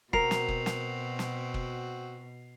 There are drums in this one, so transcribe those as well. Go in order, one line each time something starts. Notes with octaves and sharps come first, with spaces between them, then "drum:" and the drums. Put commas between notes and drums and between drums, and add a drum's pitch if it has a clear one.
B2 C4 F#4 A#4 C7 F7, drum: kick
drum: snare
drum: kick
drum: snare
drum: snare
drum: kick